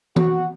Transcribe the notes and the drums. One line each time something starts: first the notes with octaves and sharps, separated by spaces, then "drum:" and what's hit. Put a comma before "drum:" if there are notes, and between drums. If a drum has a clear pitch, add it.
F#4, drum: tom E3